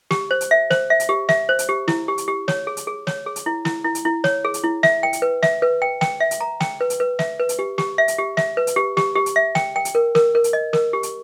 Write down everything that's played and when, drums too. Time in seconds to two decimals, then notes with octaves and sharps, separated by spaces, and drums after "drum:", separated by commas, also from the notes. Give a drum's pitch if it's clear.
0.11 G4, drum: snare
0.31 C5
0.41 drum: hi-hat
0.51 E5
0.70 C5, drum: snare
0.90 E5
1.00 drum: hi-hat
1.09 G4
1.29 E5, drum: snare
1.49 C5
1.59 drum: hi-hat
1.69 G4
1.88 E4, drum: snare
2.08 G4
2.18 drum: hi-hat
2.28 G4
2.48 C#5, drum: snare
2.67 G#4
2.77 drum: hi-hat
2.87 G#4
3.07 C#5, drum: snare
3.26 G#4
3.36 drum: hi-hat
3.46 E4
3.65 E4, drum: snare
3.84 E4
3.95 drum: hi-hat
4.05 E4
4.24 C#5, drum: snare
4.45 G#4
4.54 drum: hi-hat
4.64 E4
4.83 E5, drum: snare
5.03 G5
5.13 drum: hi-hat
5.22 B4
5.43 E5, drum: snare
5.62 B4
5.82 G5
6.01 G5, drum: snare
6.20 E5
6.31 drum: hi-hat
6.41 A#5
6.60 G5, drum: snare
6.81 B4
6.90 drum: hi-hat
7.00 B4
7.19 E5, drum: snare
7.40 B4
7.49 drum: hi-hat
7.59 G4
7.78 G4, drum: snare
7.98 E5
8.08 drum: hi-hat
8.18 G4
8.37 E5, drum: snare
8.57 B4
8.67 drum: hi-hat
8.76 G4
8.97 G4, drum: snare
9.16 G4
9.26 drum: hi-hat
9.36 E5
9.55 G5, drum: snare
9.76 G5
9.85 drum: hi-hat
9.95 A#4
10.15 A#4, drum: snare
10.35 A#4
10.44 drum: hi-hat
10.53 D#5
10.73 A#4, drum: snare
10.93 G4
11.03 drum: hi-hat